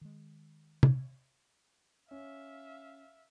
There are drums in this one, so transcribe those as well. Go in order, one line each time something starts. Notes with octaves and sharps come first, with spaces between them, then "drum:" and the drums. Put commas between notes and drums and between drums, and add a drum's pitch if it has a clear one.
D#3 G#3
drum: tom
C#4 E5 F5